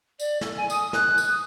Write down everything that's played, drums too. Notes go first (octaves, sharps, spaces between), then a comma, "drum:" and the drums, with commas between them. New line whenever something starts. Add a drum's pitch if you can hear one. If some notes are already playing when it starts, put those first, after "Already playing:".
D5, drum: tambourine
A4, drum: snare
G#5
D#6, drum: tambourine
F#6, drum: snare
drum: tambourine
D#6